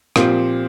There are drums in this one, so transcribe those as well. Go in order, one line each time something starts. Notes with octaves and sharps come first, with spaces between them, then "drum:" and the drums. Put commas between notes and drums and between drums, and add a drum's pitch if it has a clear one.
A#2 F3 C4 G4, drum: rim click